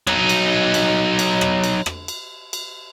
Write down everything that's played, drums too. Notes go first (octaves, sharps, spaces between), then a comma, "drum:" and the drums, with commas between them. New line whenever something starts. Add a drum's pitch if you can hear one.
F#3 D#4, drum: rim click
drum: cymbal
drum: cymbal
drum: cymbal
drum: rim click
drum: cymbal
drum: rim click
drum: cymbal
drum: cymbal